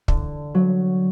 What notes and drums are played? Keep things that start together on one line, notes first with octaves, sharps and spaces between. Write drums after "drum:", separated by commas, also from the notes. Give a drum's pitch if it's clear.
D3, drum: kick
F#3